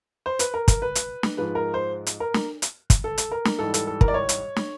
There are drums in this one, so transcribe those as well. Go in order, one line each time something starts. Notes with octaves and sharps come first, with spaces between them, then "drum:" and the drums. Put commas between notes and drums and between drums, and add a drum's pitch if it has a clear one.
C5
B4, drum: hi-hat
A#4
A#4, drum: kick, hi-hat
B4
drum: hi-hat
drum: snare
G#2 F3 G#3 B4
A#4
C5
drum: hi-hat
A#4
drum: snare
drum: hi-hat
drum: kick, hi-hat
A4
drum: hi-hat
A#4
drum: snare
G#2 E3 G3 A4
A4, drum: hi-hat
A4
A#4, drum: kick
D5
C#5
drum: hi-hat
drum: snare